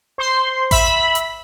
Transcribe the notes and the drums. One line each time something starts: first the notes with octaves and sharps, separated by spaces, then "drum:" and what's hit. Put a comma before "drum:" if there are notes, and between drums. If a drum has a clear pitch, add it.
C5 C6
E5 B5, drum: kick A1, open hi-hat
drum: hi-hat